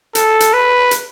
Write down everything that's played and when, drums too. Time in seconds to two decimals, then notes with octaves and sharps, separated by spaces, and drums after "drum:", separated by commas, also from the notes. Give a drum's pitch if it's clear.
0.15 A4, drum: hi-hat
0.40 drum: hi-hat
0.53 B4
0.91 drum: hi-hat